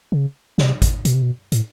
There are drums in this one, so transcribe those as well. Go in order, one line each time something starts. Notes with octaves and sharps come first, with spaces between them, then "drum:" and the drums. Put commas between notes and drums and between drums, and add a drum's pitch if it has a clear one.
C#3
C3, drum: snare
drum: kick G#1, hi-hat
B2, drum: hi-hat
C3
B2
A2, drum: hi-hat